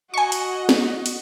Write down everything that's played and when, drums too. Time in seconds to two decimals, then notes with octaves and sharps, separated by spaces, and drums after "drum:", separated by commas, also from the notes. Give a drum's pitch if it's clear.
0.14 F#4 D#5 G#5 C#6
0.32 drum: hi-hat
0.69 drum: snare
1.06 drum: hi-hat